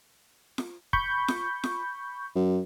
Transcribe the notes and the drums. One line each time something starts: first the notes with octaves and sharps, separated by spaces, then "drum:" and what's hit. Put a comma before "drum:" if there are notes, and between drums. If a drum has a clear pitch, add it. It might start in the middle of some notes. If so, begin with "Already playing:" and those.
drum: snare F4
B5 C#6 G6, drum: kick
drum: snare F4
drum: snare F4
F#2